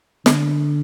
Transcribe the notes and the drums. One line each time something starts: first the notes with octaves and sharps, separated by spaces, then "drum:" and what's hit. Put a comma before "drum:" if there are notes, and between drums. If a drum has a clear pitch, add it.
D3, drum: snare